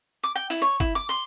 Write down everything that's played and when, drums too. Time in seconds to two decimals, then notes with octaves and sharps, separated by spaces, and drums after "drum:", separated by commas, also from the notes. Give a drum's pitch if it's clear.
0.23 D6
0.35 G5, drum: hi-hat
0.50 E4, drum: open hi-hat
0.62 C#5
0.80 E4, drum: kick G1, hi-hat
0.95 D6, drum: hi-hat
1.09 C6, drum: open hi-hat